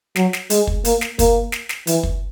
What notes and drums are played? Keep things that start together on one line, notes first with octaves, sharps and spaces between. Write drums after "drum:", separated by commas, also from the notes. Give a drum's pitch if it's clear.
F#3, drum: snare
drum: snare
G#3, drum: hi-hat
drum: kick
A#3, drum: hi-hat
drum: snare
A#3, drum: kick, hi-hat
drum: snare
drum: snare
E3, drum: hi-hat
drum: kick